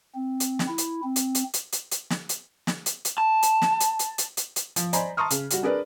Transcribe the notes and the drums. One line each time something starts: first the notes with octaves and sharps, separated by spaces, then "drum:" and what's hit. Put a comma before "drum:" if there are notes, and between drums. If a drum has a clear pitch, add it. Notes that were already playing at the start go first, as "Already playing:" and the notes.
C4
drum: hi-hat
drum: snare
E4
drum: hi-hat
C4
drum: hi-hat
drum: hi-hat
drum: hi-hat
drum: hi-hat
drum: hi-hat
drum: snare
drum: hi-hat
drum: snare
drum: hi-hat
drum: hi-hat
A5
drum: hi-hat
drum: snare
drum: hi-hat
drum: hi-hat
drum: hi-hat
drum: hi-hat
drum: hi-hat
F3, drum: hi-hat
C5 D5 D#5 G#5 A#5 B5, drum: hi-hat
A5 A#5 C6 C#6 D#6 F6
C#3, drum: hi-hat
G3 F#4, drum: hi-hat
D4 G#4 A#4 B4 D5